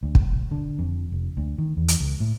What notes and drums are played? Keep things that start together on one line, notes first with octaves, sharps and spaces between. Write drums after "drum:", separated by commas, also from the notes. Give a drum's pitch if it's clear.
D2
B1, drum: kick
D3
F2
F1
D2
D#3
E2
drum: hi-hat
C#2
A2